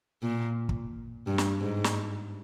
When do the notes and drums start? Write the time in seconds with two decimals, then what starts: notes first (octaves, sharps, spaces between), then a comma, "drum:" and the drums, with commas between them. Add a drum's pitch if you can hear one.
0.23 A#2
0.69 drum: kick
1.27 G2
1.38 drum: snare
1.61 G#2
1.84 drum: snare